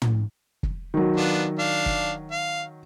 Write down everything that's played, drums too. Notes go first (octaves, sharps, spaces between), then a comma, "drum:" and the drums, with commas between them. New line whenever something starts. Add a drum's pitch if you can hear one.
drum: tom
drum: kick
D#3 F#3
B3 D4 F4
D4 F5
drum: kick
F5